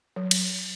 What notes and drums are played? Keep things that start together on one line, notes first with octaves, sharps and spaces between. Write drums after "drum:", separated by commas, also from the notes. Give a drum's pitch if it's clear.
F#3
drum: cymbal